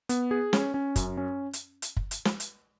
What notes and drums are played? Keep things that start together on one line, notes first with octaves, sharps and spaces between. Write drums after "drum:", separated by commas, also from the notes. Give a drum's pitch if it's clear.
B3, drum: hi-hat
G#4
C#4, drum: snare
C#4
F#2, drum: kick, hi-hat
C#4
drum: hi-hat
drum: hi-hat
drum: kick
drum: hi-hat
drum: snare
drum: hi-hat